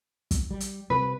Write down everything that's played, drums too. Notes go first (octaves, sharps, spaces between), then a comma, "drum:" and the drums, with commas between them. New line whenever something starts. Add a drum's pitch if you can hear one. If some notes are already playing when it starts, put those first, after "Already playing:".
drum: kick, hi-hat
G3
drum: hi-hat
C3 G3 B4